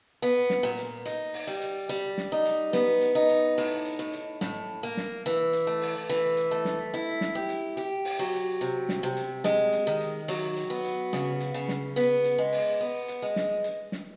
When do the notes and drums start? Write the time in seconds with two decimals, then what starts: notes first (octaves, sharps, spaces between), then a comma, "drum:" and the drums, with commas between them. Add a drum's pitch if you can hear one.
0.22 B3, drum: hi-hat
0.50 drum: snare
0.63 A#2
0.78 drum: hi-hat
1.05 D#4, drum: hi-hat
1.34 drum: open hi-hat
1.47 G3
1.62 drum: hi-hat
1.89 G3, drum: hi-hat
2.18 drum: snare
2.32 D#4
2.46 drum: hi-hat
2.73 B3, drum: snare
3.01 drum: hi-hat
3.15 D#4
3.29 drum: hi-hat
3.58 A2, drum: open hi-hat
3.85 drum: hi-hat
3.99 A2
4.13 drum: hi-hat
4.41 A2, drum: snare
4.83 A#3
4.97 drum: snare
5.26 E3, drum: hi-hat
5.53 drum: hi-hat
5.67 A3
5.81 drum: open hi-hat
6.09 E3, drum: hi-hat
6.37 drum: hi-hat
6.51 A3
6.65 drum: snare
6.94 E4, drum: hi-hat
7.21 drum: snare
7.35 G4
7.49 drum: hi-hat
7.77 G4, drum: hi-hat
8.05 drum: open hi-hat
8.19 F#3
8.33 drum: hi-hat
8.61 C3, drum: hi-hat
8.89 drum: snare
9.03 C3
9.17 drum: hi-hat
9.44 G#3, drum: snare
9.73 drum: hi-hat
9.87 D#3
10.01 drum: hi-hat
10.28 F#3, drum: open hi-hat
10.57 drum: hi-hat
10.70 B3
10.85 drum: hi-hat
11.13 C#3, drum: snare
11.40 drum: hi-hat
11.54 C#3
11.68 drum: snare
11.96 B3, drum: hi-hat
12.24 drum: hi-hat
12.38 G#3
12.52 drum: open hi-hat
12.81 B3
13.08 drum: hi-hat
13.22 G#3
13.36 drum: snare
13.64 drum: hi-hat
13.92 drum: snare